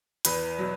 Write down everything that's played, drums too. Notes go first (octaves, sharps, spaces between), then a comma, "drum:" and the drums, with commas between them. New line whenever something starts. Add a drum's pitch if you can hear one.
E2 B4, drum: hi-hat
B2 F#3